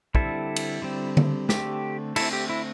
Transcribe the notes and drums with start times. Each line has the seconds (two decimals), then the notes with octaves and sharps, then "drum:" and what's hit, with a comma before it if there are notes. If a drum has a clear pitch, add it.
0.15 D3 G3 C4 E4 A4, drum: kick
0.56 drum: cymbal
0.82 D3 G3 C4
1.17 drum: tom D3
1.49 D3 A3 C4 G4, drum: snare
2.16 D3 A3 C4 E4 A4, drum: cymbal
2.33 G4
2.49 E4